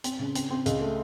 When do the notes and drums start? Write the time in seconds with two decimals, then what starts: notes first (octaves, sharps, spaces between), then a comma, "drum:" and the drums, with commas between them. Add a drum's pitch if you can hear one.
0.04 C4, drum: hi-hat
0.20 C#3
0.35 C4, drum: hi-hat
0.51 C4
0.66 C#2, drum: hi-hat
0.81 A3